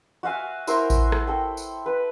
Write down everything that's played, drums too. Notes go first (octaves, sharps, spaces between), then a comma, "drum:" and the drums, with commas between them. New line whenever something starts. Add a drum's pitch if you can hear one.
F#4 E5 F5 G#5
E4 A#4 C5 E5, drum: tambourine
drum: kick A1, tambourine
drum: rim click
A4 G5
drum: tambourine
B4